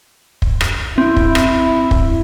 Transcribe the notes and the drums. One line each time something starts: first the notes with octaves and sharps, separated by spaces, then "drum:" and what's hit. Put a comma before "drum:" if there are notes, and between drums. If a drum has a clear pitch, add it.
drum: kick
drum: rim click
C4 E4
drum: kick
drum: rim click
drum: kick